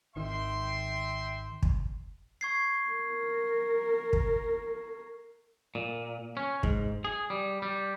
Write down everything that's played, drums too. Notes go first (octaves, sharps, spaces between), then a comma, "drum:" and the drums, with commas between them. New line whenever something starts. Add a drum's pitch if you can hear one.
G#1 D#3 E5 G5 C6
drum: kick
C#6 G#6 C7
A#4
drum: kick
A#2
C#4
G#2, drum: kick
G#4
G3
G3